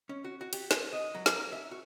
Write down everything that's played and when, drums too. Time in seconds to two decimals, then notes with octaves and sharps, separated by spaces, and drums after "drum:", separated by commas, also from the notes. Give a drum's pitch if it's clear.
0.09 C#4
0.24 F#4
0.41 F#4
0.53 G4, drum: cymbal
0.71 B4, drum: snare
0.93 D#5
1.15 F#3
1.26 drum: snare
1.36 A#4
1.52 E5
1.71 F#4